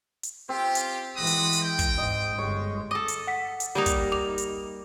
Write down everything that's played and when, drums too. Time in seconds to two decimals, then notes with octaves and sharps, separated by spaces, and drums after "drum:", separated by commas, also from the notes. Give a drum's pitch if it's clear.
0.23 drum: hi-hat
0.49 C4 F4 G4
0.75 drum: hi-hat
1.17 E3 G#3 F#4 B5 D#6
1.27 drum: hi-hat
1.53 drum: hi-hat
1.63 G5
1.79 drum: kick, hi-hat
1.98 G#2 D#5
2.38 G1 G#3 C#5
2.91 A4 D#5 D6
3.08 drum: hi-hat
3.27 F#5 B6
3.60 drum: hi-hat
3.75 G3 A#3 D#4 G4 F7
3.86 drum: kick, hi-hat
4.12 D6 F7
4.38 drum: hi-hat